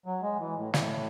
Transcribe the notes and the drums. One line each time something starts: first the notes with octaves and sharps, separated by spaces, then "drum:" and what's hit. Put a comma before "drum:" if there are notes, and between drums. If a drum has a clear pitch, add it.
F#3
G#3
E3
A2
A2, drum: snare